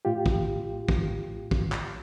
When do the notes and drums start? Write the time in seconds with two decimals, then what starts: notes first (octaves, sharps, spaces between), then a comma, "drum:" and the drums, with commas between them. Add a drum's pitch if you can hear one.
0.05 A2 F4 G4
0.26 drum: kick
0.89 drum: kick
1.51 drum: kick
1.72 drum: clap